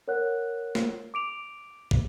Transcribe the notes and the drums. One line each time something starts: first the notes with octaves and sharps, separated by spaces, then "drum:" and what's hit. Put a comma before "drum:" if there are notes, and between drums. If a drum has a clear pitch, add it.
A#4 C#5 F#5 F#6
drum: snare
D6 D7 F7
drum: kick